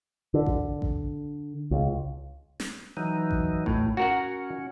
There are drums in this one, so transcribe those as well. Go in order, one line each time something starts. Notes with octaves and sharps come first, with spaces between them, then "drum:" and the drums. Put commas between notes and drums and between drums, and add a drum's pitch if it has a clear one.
D3
drum: kick A1
drum: kick A1
C#2
drum: snare
E3 F#3 D#4
drum: kick A1
A2, drum: kick A1
C#4 F#4 A#4 F#5